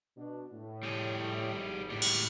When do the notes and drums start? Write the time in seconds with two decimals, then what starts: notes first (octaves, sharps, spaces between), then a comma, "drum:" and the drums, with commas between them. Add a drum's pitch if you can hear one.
0.16 B2 D4
0.52 A2
0.83 G3 G#4
1.54 G#1
1.90 A2 G3
2.02 drum: cymbal